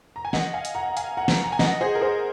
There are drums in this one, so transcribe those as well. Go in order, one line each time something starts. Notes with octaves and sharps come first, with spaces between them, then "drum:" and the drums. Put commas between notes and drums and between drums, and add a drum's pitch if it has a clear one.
A#5
G#5
D#5 F#5, drum: snare
F5 G#5
drum: hi-hat
F#5 A#5
F#5
F5 G#5, drum: hi-hat
F#5 A#5
drum: snare
A#5
G#5
D#5 F#5, drum: snare
G#4 C5
A#4
G#4 C5